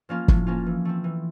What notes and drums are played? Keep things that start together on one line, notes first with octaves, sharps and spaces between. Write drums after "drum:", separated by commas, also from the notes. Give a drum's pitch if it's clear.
F3 A#3 C#4 F4
A2, drum: kick
F3 A#3 C#4 F4
E3
A3 C4
E3